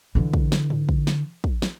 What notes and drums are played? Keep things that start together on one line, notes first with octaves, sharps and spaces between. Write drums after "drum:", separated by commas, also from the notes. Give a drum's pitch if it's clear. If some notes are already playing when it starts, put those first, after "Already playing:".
D3 E3
drum: kick
drum: snare
drum: tom G#2
drum: kick
drum: snare
drum: kick
drum: snare